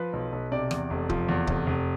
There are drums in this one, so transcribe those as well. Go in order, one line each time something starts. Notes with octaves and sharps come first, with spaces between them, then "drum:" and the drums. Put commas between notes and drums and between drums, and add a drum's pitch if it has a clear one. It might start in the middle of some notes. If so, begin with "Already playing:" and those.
Already playing: F3 B4
B1
B1
C3 D5
E2, drum: rim click
F1
F3, drum: kick C#1
E2
F1, drum: kick C#1
F1